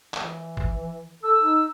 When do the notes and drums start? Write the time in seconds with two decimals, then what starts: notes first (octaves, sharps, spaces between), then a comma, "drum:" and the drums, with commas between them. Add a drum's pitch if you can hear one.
0.14 E3, drum: clap
0.57 drum: kick
1.23 A4 E6
1.41 D#4